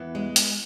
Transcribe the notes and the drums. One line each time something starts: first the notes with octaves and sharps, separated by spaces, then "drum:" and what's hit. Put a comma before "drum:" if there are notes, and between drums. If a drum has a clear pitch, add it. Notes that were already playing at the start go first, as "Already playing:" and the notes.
Already playing: E2 B4
G#3
drum: hi-hat